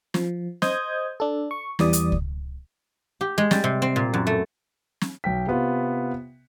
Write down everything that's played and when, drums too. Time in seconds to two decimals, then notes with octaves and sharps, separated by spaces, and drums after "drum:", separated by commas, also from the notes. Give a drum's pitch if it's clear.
0.14 F3, drum: snare
0.62 C5 D#5 D#6 G6 G#6, drum: snare
1.20 D4 A4
1.51 C#6
1.79 E2 E3 G3 D5 D#6, drum: snare
1.93 drum: hi-hat
2.12 drum: kick C#2
3.21 G4
3.38 G#3
3.51 G3, drum: snare
3.64 C3
3.82 C4
3.96 A#2
4.14 F#2
4.27 A3
5.01 drum: snare
5.24 B1 G5 B6
5.47 C3 B3 F4